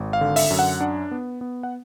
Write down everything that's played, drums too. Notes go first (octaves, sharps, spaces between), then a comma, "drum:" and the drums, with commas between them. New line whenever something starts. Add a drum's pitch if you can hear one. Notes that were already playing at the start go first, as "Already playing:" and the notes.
Already playing: G#1
F5
D3
E5, drum: open hi-hat
F#2
F#5
D4
B3
B3
F#5